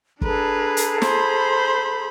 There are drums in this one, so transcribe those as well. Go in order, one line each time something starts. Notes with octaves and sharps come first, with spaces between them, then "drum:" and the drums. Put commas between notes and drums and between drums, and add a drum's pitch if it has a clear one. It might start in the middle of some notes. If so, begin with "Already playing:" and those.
D4 G#4 A4 B4 A#5, drum: kick
drum: hi-hat
C5 B5, drum: snare